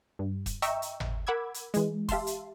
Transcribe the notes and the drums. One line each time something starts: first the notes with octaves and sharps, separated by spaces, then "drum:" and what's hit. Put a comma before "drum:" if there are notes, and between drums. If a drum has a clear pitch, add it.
G2
drum: kick, hi-hat
D#5 E5 G5 A#5 C#6 E6, drum: hi-hat
drum: hi-hat
drum: tom G#1
A#4 F#5 B5 D6 E6 G#6
drum: hi-hat
E3 G#3, drum: hi-hat
G4 E5 F5 A5 C6, drum: kick, open hi-hat
drum: hi-hat